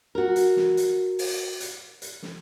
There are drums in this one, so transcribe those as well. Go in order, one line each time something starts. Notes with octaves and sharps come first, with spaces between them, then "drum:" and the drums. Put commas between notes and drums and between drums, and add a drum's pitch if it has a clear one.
F#4 A#4
drum: hi-hat
drum: snare
drum: hi-hat
drum: open hi-hat
drum: hi-hat
drum: hi-hat
drum: snare